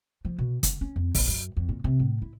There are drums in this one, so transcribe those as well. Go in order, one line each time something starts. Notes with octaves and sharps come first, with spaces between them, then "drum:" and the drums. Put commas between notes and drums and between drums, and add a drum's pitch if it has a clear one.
F3
B2
D3, drum: kick, hi-hat
C#4
F2
A#1, drum: kick, open hi-hat
F#2
F2
A#2
C3
A2
E4